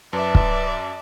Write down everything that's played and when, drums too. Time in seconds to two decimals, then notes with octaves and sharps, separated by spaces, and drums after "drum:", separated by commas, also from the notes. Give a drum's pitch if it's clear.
0.13 F#2 B4 D5 E5 A5
0.35 drum: kick